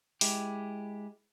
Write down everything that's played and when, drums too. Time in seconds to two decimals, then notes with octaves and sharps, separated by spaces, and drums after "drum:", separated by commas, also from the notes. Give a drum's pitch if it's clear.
0.21 G#3 E4 G4, drum: open hi-hat